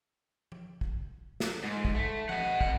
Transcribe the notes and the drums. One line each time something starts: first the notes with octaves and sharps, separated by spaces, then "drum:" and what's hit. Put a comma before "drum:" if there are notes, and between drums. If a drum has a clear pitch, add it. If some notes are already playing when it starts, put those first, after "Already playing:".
drum: tom F3
drum: kick
drum: snare
G#2
drum: kick
A3
D#5 F#5, drum: tom F3
F2 F#5, drum: kick